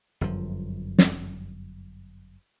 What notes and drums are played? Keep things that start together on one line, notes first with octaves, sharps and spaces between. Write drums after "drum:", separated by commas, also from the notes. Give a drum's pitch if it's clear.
G1 F#2 F3
drum: snare